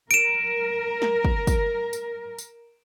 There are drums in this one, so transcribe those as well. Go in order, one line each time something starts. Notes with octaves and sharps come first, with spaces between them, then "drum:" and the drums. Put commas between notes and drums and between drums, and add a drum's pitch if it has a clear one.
A#4 D7 E7, drum: tambourine
drum: snare
drum: kick
drum: kick, tambourine
drum: tambourine
drum: tambourine